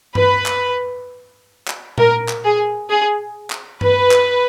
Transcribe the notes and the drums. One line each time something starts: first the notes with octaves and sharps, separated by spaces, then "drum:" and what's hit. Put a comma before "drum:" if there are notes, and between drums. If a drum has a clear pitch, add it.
B4, drum: tom G2
drum: clap
drum: clap
A#4, drum: tom A#2
drum: clap
G#4
G#4
drum: clap
B4, drum: tom G2
drum: clap